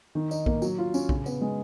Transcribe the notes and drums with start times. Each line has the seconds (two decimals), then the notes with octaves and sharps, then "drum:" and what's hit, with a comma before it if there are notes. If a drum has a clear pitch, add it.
0.15 D#3
0.31 D#4, drum: tambourine
0.46 A#3, drum: kick
0.62 F#3, drum: tambourine
0.78 F4
0.94 C#4, drum: tambourine
1.09 C#3, drum: kick
1.26 B3, drum: tambourine
1.41 G#3